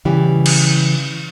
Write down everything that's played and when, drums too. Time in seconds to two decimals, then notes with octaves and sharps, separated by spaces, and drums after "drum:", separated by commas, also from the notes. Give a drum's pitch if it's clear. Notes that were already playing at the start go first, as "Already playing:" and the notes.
0.05 C#3 E3 G3 G4
0.46 drum: cymbal